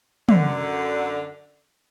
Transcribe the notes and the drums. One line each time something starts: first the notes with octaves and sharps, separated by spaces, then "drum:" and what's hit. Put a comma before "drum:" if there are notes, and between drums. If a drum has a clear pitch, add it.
F#2 D3, drum: tom